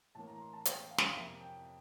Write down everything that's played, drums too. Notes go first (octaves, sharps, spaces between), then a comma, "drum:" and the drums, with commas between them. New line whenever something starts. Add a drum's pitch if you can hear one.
A2 E3 A#3 A5
A#5
C6
A5
G5, drum: hi-hat
F5
G5, drum: snare
F5
F2 C3 F3 A#3 E5
G5